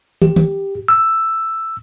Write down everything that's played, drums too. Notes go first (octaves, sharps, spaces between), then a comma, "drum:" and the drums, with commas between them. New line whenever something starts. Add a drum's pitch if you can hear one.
G4, drum: tom
drum: tom
E6